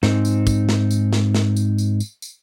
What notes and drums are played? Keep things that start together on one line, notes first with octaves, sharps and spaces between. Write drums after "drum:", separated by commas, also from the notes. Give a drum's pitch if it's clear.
G#2 C4 D#4, drum: snare
drum: tambourine
drum: kick, tambourine
drum: snare
drum: tambourine
drum: snare
drum: snare
drum: tambourine
drum: tambourine
drum: tambourine
drum: tambourine